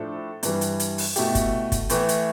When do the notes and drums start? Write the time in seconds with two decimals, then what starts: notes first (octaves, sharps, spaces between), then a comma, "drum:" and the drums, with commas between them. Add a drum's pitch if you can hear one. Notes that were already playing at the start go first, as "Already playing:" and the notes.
Already playing: A2 F3 A3 D4 A4
0.43 G2 E3 G3, drum: hi-hat
0.61 drum: hi-hat
0.80 drum: hi-hat
0.98 drum: open hi-hat
1.16 B2 A3 E4 G4, drum: hi-hat
1.35 drum: kick, hi-hat
1.72 drum: kick, hi-hat
1.90 A2 E3 A3, drum: hi-hat
2.09 drum: hi-hat